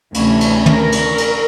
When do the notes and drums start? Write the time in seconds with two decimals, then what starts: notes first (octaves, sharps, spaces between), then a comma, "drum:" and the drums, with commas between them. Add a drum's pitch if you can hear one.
0.14 D2 C3 E3 A3 C#4, drum: cymbal
0.41 drum: cymbal
0.66 A#4, drum: tom
0.92 drum: cymbal
1.18 drum: cymbal